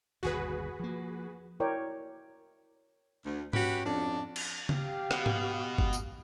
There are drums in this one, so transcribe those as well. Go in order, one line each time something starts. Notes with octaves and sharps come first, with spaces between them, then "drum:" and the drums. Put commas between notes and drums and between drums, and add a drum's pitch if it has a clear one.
G1 D#2 B2 F#4 G#4 B4
F3 A#3
E4 A#4 C#5 D5 G5
D2
C#4 F#4 G4 B4, drum: tom G#2
F2 C#4 D4
drum: cymbal
G4 F5, drum: tom C#3
B2, drum: rim click
drum: tom G#2
drum: kick G1
drum: tambourine